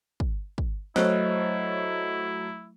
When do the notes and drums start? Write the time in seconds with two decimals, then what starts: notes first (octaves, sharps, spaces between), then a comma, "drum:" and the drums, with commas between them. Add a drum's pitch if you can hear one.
0.20 drum: kick
0.58 drum: kick
0.96 F#3 A3 E4 C5 C#5 D#5 F#6, drum: snare